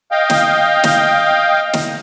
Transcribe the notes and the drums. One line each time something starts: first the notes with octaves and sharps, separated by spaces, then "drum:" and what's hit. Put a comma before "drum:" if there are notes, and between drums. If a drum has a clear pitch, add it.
D#5 F5 G5
drum: snare
drum: snare
drum: snare